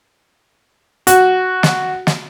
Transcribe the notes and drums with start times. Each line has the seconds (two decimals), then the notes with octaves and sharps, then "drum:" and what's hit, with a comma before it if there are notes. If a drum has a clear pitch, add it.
1.07 F#4, drum: hi-hat
1.63 drum: snare
2.07 drum: snare